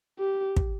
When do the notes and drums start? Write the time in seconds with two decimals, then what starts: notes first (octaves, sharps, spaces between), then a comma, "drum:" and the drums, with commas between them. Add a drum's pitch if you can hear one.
0.20 G4
0.57 drum: kick